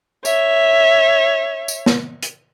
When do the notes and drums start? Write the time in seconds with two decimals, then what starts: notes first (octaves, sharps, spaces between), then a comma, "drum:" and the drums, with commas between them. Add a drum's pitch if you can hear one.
0.25 C#5 E5, drum: tambourine
1.68 drum: tambourine
1.86 drum: snare
2.23 drum: hi-hat